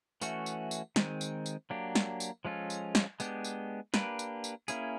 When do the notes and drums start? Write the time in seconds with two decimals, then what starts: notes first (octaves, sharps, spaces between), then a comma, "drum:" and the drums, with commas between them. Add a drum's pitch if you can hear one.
0.21 E3 A3 C#4 F#4, drum: tambourine
0.46 drum: tambourine
0.71 drum: tambourine
0.96 D#3 G#3 C4, drum: snare
1.21 drum: tambourine
1.46 drum: tambourine
1.70 F#3 A#3 D4 G4
1.95 drum: snare
2.20 drum: tambourine
2.45 F3 G#3 C#4 F4 A4
2.70 drum: tambourine
2.95 drum: snare
3.20 G#3 B3 D4 G4, drum: tambourine
3.45 drum: tambourine
3.94 A#3 D4 G4 B4, drum: snare
4.19 drum: tambourine
4.44 drum: tambourine
4.68 A#3 C#4 E4 G#4, drum: tambourine